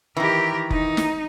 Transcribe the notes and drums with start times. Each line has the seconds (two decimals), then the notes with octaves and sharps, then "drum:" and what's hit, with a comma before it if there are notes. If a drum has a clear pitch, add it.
0.17 D#3 E3 G4 A#4
0.70 D#4, drum: kick F1
0.97 drum: snare